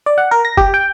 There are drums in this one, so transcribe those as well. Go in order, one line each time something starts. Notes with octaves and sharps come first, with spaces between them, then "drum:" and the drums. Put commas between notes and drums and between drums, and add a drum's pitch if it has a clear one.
D5
F#5
A#4
A#6
G4, drum: kick F1
G5